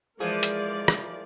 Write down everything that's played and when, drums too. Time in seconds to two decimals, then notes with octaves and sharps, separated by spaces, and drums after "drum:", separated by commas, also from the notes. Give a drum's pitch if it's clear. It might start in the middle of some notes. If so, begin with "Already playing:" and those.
0.20 E3 F3 G#3 G#4 A#4 D5
0.43 drum: hi-hat
0.88 drum: rim click